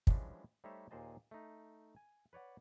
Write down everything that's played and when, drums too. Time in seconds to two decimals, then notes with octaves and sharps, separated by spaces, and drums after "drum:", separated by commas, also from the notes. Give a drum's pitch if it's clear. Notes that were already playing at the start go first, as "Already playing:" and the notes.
0.07 E3 F3 G3 G#3 C#4 D4, drum: kick
0.64 G3 A3 D#4 C5 C#5 E5
0.91 D#2 A#2 G#4 C5 D#5 A5
1.31 A3 D#4
1.96 G#5
2.33 B4 C#5 D5 F#5